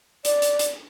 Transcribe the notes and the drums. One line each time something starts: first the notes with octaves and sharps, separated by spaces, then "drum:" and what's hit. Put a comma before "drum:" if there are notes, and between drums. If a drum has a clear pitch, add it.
D5, drum: hi-hat
drum: hi-hat
drum: hi-hat